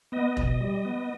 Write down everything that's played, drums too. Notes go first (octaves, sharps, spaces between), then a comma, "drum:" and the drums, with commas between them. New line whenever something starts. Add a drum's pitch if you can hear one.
B3 D#5
B2, drum: kick E1
G3
B3